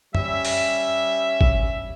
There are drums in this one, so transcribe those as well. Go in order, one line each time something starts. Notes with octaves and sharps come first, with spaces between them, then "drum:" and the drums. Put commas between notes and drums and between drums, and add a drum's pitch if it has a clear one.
G3 C#4 E5, drum: tom
drum: open hi-hat
drum: kick